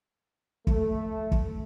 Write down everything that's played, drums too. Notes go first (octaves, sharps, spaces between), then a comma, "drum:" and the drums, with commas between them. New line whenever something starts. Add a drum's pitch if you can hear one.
A3, drum: kick
drum: kick